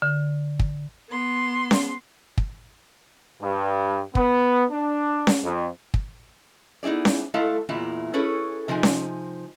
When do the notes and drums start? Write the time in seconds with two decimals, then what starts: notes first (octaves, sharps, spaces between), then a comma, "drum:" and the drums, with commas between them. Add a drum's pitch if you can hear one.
0.02 D3
0.59 drum: kick
1.09 B3 C6
1.71 drum: snare C#4
2.38 drum: kick
3.42 G2
4.15 B3, drum: kick
4.70 D4
5.27 drum: snare C#4
5.44 F2
5.94 drum: kick
6.83 B3 D#4 E4 G#4 D5
7.05 drum: snare C#4
7.34 G#3 A3 E4 A4 F5 A5
7.69 E2 A#2 G#3 E4
8.13 C#4 E4 G#4 A4 B4 C#5
8.68 C3 F3 G#3 D#4 G#5
8.83 drum: snare C#4